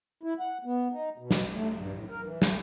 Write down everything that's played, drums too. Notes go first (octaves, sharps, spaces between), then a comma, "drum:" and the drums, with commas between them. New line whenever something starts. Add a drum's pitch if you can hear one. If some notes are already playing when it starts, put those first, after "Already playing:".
E4
F#5
B3
D#4
B2
drum: snare
A3
G2
A2
A#4
E3
A3, drum: snare